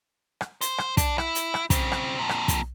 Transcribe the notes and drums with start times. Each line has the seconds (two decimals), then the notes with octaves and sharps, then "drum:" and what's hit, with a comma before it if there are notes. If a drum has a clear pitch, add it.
0.41 drum: rim click
0.61 C5, drum: hi-hat
0.78 drum: rim click
0.97 D4, drum: kick, hi-hat
1.18 E4, drum: rim click
1.35 drum: hi-hat
1.54 drum: rim click
1.70 C#3 C4, drum: kick, hi-hat
1.92 drum: rim click
2.19 F2 A#2
2.29 drum: rim click
2.48 drum: kick, hi-hat